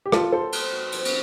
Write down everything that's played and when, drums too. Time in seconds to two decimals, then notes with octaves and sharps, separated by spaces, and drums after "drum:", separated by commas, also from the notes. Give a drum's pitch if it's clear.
0.06 G4
0.12 B2 F4 A4, drum: rim click
0.32 G3 A4 C5
0.53 C4, drum: cymbal
0.72 B2
0.92 F3, drum: cymbal
1.05 drum: cymbal